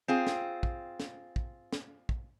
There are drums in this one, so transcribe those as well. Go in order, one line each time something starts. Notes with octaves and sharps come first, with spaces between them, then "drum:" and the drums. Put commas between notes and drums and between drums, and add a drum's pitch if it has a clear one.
C4 F4 G#4
drum: snare
drum: kick
drum: snare
drum: kick
drum: snare
drum: kick